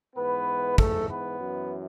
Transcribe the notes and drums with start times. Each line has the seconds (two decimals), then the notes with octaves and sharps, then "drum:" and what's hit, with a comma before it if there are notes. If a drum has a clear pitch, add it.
0.16 G#2 E3 B3 B4
0.78 A3 A4, drum: kick
1.10 B3 B4
1.41 F#2 E3